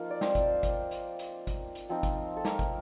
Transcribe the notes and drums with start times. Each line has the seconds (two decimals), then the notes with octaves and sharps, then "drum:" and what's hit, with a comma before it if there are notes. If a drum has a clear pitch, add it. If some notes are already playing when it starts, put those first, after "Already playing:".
Already playing: F3 A#3 D#4 F4 A#4
0.10 D5
0.21 C4 C5, drum: snare
0.35 drum: kick, hi-hat
0.63 drum: kick, hi-hat
0.91 drum: hi-hat
1.19 drum: hi-hat
1.47 drum: kick, hi-hat
1.75 drum: hi-hat
1.89 F3 C4 D#4
2.03 drum: kick, hi-hat
2.36 A4
2.45 A#3 A#4, drum: snare
2.59 drum: kick, hi-hat